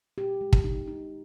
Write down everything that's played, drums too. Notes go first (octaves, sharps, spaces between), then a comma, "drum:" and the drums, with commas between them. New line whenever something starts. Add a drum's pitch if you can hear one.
A#2 G4
G#3
drum: kick
D#4
D#4